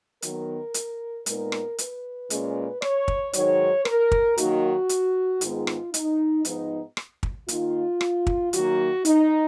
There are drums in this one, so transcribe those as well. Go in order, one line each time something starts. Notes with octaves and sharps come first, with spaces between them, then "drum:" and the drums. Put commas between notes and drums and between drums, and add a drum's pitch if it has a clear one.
D#3 F#3 B3 A#4, drum: hi-hat
drum: hi-hat
A#2 G#3 B3 D#4 A#4, drum: hi-hat
drum: rim click
B4, drum: hi-hat
A#2 G#3 C#4, drum: hi-hat
C#5, drum: rim click
drum: kick
G#2 D#3 F#3 C#5, drum: hi-hat
A#4, drum: rim click
drum: kick
D#3 F#3 A#3 D#4 F#4, drum: hi-hat
drum: hi-hat
G#2 D#3 G#3 B3 F4, drum: hi-hat
drum: rim click
D#4, drum: hi-hat
G#2 F3 B3 D#4, drum: hi-hat
drum: rim click
drum: kick
D#3 A#3 D#4 F4, drum: hi-hat
drum: rim click
drum: kick
D#3 F#3 A#3 F#4, drum: hi-hat
D#4, drum: hi-hat